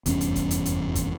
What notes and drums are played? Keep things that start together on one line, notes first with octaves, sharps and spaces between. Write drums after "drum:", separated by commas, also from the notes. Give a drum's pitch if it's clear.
F1 E2 G2 C#4, drum: hi-hat
drum: hi-hat
drum: kick, hi-hat
drum: hi-hat
drum: hi-hat
drum: kick, hi-hat